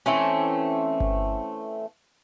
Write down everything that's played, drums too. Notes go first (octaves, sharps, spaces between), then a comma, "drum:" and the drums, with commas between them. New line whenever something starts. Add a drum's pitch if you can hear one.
E3 A3 C4 C#4
drum: kick G1